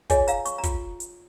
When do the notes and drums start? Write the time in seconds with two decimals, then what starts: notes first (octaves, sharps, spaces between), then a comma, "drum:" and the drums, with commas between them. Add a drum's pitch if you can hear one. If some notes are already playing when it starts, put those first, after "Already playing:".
0.10 F4 G#4 C#5 D#5 G#5, drum: kick, hi-hat
0.28 F5 A#5, drum: hi-hat
0.45 C#6, drum: hi-hat
0.58 A#5
0.63 F4, drum: kick, hi-hat
1.00 drum: hi-hat